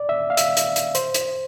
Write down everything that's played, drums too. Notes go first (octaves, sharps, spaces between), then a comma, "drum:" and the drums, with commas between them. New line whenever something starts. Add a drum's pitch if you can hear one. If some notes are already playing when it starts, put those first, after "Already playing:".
Already playing: D5
E5
F5
E5, drum: hi-hat
drum: hi-hat
drum: hi-hat
C5, drum: hi-hat
drum: hi-hat